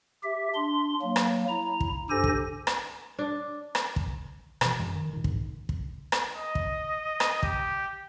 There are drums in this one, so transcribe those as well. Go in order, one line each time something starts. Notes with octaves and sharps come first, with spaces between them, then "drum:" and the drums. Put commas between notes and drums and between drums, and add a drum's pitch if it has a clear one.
G4 E5
D4 C6
F#3 A#3
drum: rim click
E4 A#5
drum: kick
G2 G4 A4 C5 G#5 A#6
drum: kick
drum: rim click
D4
drum: rim click
drum: kick
B2 E3, drum: rim click
F#2 E3 G#3
D#3
A#2 D#3
G#2, drum: kick
drum: kick
drum: rim click
D#5
drum: kick
drum: rim click
G4, drum: kick